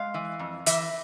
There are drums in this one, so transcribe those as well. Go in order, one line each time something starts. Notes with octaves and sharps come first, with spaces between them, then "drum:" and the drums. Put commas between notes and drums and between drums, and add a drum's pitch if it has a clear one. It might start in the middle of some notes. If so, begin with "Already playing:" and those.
Already playing: G#3 F5
E3
F2
E3 E5, drum: hi-hat